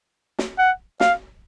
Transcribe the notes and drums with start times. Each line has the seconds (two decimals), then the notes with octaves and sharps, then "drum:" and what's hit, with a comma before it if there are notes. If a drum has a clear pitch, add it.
0.39 drum: snare
0.59 F#5
1.00 F5, drum: snare